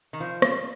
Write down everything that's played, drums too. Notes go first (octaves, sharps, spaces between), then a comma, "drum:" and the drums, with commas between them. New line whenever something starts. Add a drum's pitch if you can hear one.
D#3
F3
drum: rim click